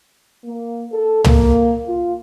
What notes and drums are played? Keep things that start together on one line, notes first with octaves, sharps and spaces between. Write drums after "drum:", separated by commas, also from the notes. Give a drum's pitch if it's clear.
A#3
A4
A#3, drum: tom
F4